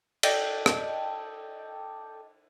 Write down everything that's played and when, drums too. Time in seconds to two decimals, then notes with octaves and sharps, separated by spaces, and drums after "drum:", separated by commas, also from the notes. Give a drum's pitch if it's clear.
0.23 A4 D5 D#5 G5, drum: cymbal
0.66 drum: rim click